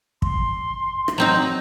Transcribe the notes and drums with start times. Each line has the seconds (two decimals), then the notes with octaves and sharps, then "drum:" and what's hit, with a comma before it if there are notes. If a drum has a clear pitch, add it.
0.22 C6, drum: kick
1.08 drum: rim click
1.18 F#3 C4 D#4